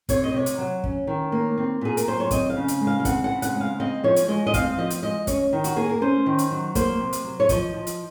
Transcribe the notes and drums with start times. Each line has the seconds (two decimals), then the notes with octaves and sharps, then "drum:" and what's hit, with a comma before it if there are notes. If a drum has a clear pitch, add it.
0.09 C4 C#5, drum: kick, hi-hat
0.24 D#5
0.33 C3 C#5
0.46 drum: hi-hat
0.58 F#3
0.84 C#4, drum: kick
1.07 D#3
1.32 A#3
1.57 C4
1.81 A#2 G#4
1.97 A#4, drum: hi-hat
2.07 F#3 C5
2.20 C#5
2.31 C4 D#5, drum: kick, hi-hat
2.50 F5
2.56 C#3
2.68 drum: hi-hat
2.81 G#3
2.87 F5
3.00 F5
3.05 C4 F#5, drum: kick, hi-hat
3.24 F#5
3.31 C#3
3.42 F#5, drum: hi-hat
3.55 G#3
3.60 F5
3.80 C4 D#5
4.04 F3 C#5
4.16 drum: hi-hat
4.28 G#3 D#5
4.47 D#5
4.54 C4 F5, drum: kick, hi-hat
4.77 F3 D#5
4.90 drum: hi-hat
5.02 G#3 D#5
5.27 C#4 C#5, drum: kick, hi-hat
5.53 D#3
5.64 F#4, drum: hi-hat
5.76 A#3 G#4
5.89 A#4
6.01 C#4 C5
6.26 D#3
6.38 drum: hi-hat
6.51 F#3
6.75 A#3 C5, drum: kick, hi-hat
7.00 C3
7.13 drum: hi-hat
7.24 F#3
7.40 C#5
7.49 F3 D#5, drum: kick, hi-hat
7.74 F3
7.87 drum: hi-hat